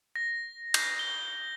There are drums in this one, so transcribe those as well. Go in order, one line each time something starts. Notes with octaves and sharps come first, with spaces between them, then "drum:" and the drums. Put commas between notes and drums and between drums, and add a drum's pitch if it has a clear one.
A#6
G6, drum: cymbal
G7